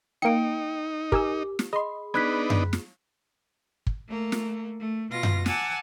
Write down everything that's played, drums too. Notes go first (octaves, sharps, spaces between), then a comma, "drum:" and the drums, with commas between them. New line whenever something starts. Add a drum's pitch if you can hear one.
A#3 D#4 G5 C#7 D7
G4 A#4 G#5 D6 E6, drum: kick
drum: snare
G#4 D#5 B5 C6
B3 D4 D#4 B5 F#6 G#6 B6
drum: tom F#2
drum: snare
drum: kick
A3 A#3
drum: snare
A3
B2 F4 A#6
drum: tom F#2
F#5 G#5 A5 D6 E6, drum: snare